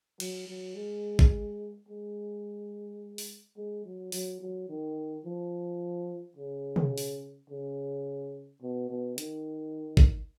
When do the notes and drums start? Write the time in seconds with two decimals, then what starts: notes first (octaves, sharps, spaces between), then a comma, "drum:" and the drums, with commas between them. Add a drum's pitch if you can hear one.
0.20 F#3, drum: cymbal
0.48 F#3
0.75 G#3
1.19 drum: kick
1.88 G#3
3.18 drum: open hi-hat
3.57 G#3
3.85 F#3
4.12 F#3, drum: open hi-hat
4.40 F#3
4.69 D#3
5.25 F3
6.37 C#3
6.76 drum: tom
6.98 drum: open hi-hat
7.50 C#3
8.62 B2
8.90 B2
9.18 D#3, drum: hi-hat
9.97 drum: kick